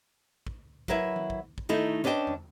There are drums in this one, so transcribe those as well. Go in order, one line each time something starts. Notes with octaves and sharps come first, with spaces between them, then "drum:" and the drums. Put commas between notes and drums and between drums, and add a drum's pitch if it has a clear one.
drum: kick
F#3 E4 A#4 B4 E5, drum: kick
drum: tom D#3
drum: kick
drum: kick
D#3 A3 D#4 E4
C#4 D4 B4 D#5 G5 A5
drum: tom E2